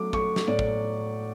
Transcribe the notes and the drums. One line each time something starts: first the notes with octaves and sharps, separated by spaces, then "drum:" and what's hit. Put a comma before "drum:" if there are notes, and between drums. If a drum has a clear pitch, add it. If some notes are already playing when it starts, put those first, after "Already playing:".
Already playing: F#3 A3 D6
A3 C#6, drum: kick
drum: snare
A2 D5
drum: kick